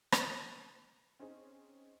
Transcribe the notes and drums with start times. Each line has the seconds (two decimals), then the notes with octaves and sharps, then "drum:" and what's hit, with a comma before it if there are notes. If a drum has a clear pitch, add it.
0.12 drum: rim click
1.19 C4 C#4 D#4 G#4